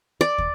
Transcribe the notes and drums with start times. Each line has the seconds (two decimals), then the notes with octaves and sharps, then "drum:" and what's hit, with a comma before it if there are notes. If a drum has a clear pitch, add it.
0.21 D5
0.38 drum: kick